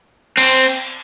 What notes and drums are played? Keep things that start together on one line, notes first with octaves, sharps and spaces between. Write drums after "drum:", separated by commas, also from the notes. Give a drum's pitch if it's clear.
C4, drum: cymbal